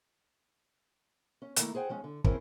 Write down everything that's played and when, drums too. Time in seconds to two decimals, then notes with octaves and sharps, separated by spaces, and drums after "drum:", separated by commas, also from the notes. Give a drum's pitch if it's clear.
1.42 C#4
1.56 D#3 A3 A#3 E4 A#5, drum: hi-hat
1.75 G#4 C5 F#5 G5
1.89 F3 G#3 C#4
2.04 D3
2.24 C4 C#4 E4 G#4 A#4 C5, drum: kick